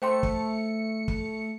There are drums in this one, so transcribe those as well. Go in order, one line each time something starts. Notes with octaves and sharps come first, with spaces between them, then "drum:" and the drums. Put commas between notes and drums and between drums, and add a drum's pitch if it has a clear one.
A3 C5 G5 C6 C#7
drum: kick
drum: kick